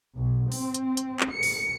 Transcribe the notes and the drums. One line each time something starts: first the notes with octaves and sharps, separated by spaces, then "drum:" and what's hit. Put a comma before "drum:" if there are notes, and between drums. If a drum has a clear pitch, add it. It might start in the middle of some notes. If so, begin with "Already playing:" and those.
B1
C4, drum: open hi-hat
drum: hi-hat
drum: hi-hat
drum: clap
C#7
drum: open hi-hat